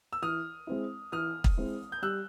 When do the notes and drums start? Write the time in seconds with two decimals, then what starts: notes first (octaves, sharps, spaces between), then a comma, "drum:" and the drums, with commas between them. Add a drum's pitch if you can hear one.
0.13 E6
0.22 E3 D#6 F6
0.67 G#3 C4 E4
1.12 E3 D#6 F6
1.44 drum: kick
1.57 G#3 C4 E4
1.92 G6
2.02 G3 E6 F#6